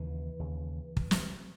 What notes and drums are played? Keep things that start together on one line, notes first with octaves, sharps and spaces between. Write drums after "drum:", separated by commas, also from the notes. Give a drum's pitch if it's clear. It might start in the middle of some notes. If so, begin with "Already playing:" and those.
Already playing: D#2 C#3 E3
D#2 C#3
drum: kick
drum: snare